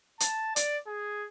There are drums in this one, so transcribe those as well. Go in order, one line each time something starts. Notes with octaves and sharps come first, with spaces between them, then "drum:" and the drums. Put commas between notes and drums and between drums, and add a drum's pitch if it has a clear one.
A5, drum: hi-hat
D5, drum: hi-hat
G#4